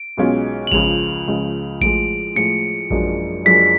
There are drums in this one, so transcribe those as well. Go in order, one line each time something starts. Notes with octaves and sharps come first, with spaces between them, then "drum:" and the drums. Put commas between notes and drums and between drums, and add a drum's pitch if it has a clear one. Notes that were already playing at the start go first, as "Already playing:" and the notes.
Already playing: D7
B1 B2 G#3 C#4 F4
F#7
C#2 C#3 F3 F7, drum: kick A1
C#2 C#3 F3
A2 F3 G#3 D7, drum: kick A1
A2 F3 G#3 C#7
F#1 F#2 F3 G#3 D4, drum: kick A1
F#1 F#2 F3 G#3 D4 B6